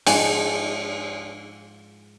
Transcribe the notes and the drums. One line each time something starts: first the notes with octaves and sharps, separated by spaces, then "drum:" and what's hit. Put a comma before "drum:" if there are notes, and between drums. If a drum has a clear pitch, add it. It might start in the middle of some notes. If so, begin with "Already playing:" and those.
G#2 F3 D4 D5 G#5, drum: cymbal